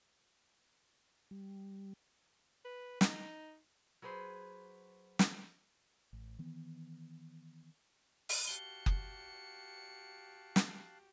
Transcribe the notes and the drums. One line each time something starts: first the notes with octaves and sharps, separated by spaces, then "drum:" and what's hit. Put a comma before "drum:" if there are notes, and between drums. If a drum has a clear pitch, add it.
G3
B4
D#4, drum: snare
F#3 G#4 B4 C5
drum: snare
A1
D#3 E3 B3
drum: open hi-hat
F#4 G4 F5 A5 F#6 C#7 G7
drum: kick F#1
drum: snare